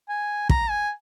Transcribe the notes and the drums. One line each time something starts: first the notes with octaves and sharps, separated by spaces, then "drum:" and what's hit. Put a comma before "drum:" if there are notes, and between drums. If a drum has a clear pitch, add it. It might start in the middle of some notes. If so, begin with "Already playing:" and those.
G#5
A#5, drum: kick
G#5